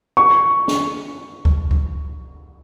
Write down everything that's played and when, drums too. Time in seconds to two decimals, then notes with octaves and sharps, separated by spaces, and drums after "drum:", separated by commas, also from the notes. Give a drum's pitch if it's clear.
0.17 C#6
0.68 drum: snare
1.45 drum: kick C#2
1.71 drum: kick C#2